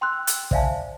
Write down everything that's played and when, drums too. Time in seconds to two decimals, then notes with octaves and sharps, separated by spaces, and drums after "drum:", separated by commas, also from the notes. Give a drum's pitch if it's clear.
0.01 G5 C6 E6 F#6
0.27 drum: hi-hat
0.51 C5 D5 E5 F5 G#5 A5, drum: kick